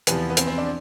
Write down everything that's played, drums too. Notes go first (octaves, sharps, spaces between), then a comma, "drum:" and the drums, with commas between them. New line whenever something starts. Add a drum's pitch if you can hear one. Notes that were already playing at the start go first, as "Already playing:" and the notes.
E2 C3 F3 B3, drum: hi-hat
B3
C4, drum: hi-hat
C4
D4